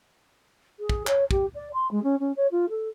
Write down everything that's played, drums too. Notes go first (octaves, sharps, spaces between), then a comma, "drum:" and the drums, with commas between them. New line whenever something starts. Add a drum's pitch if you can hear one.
G#4
drum: kick
C#5, drum: clap
G4, drum: kick
D5
C6
G#3
C#4
C#4
C#5
F4
A4